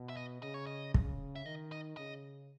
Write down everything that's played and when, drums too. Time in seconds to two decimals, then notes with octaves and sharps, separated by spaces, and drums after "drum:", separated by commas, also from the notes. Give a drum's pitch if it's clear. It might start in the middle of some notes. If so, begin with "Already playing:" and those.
Already playing: B2
0.09 E5
0.17 D#5
0.42 C#3 D#5
0.54 C#5
0.67 D#5
0.94 C#3, drum: kick
1.36 E5
1.45 D#3 D#5
1.72 D#5
1.97 C#3 D#5